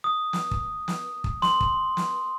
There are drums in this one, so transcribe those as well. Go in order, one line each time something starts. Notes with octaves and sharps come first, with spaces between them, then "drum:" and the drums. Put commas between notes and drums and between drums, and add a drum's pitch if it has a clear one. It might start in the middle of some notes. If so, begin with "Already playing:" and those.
D#6
drum: snare
drum: kick
drum: snare
drum: kick
C6, drum: snare
drum: kick
drum: snare